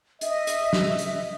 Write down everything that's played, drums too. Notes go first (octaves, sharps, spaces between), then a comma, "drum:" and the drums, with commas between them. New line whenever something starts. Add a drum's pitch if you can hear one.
D#5 E5, drum: hi-hat
drum: hi-hat
drum: snare
drum: hi-hat